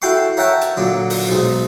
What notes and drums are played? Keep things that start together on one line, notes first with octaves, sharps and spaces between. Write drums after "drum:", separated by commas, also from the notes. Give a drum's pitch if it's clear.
E4 F#4 A4 G5 C6 C#6
A#4 C#5 E5 F#5 G5 A5
drum: hi-hat
A#2 D3 F#3
drum: open hi-hat
B1 G#2